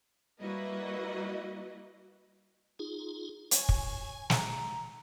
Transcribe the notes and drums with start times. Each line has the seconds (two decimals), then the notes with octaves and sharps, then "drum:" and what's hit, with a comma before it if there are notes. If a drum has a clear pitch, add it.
0.40 G3 A#3 E4 F#4 B4 D#5
2.79 D#4 F4 G#4
3.51 C#5 G#5, drum: hi-hat
3.69 drum: kick
4.30 A#5, drum: snare